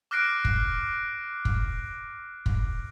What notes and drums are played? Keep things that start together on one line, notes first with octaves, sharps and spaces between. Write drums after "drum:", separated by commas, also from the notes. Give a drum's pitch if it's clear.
D6 F6 F#6 A#6 C7 D7
drum: kick
drum: kick
drum: kick